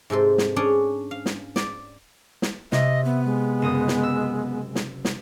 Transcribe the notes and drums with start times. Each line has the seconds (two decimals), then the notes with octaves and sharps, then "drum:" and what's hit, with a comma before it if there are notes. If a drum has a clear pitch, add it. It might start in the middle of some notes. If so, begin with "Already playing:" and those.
0.10 G#2 C3 A4 C6
0.38 drum: snare
0.56 C#4 D4 G#4 C#5 D5
1.11 F5
1.26 drum: snare
1.56 D5, drum: snare
2.42 drum: snare
2.72 C3 D#5 E5 D#6, drum: snare
3.05 B3
3.25 G#3
3.62 F#1 D#5 D#6
3.88 drum: snare
4.03 E6
4.75 drum: snare
5.05 drum: snare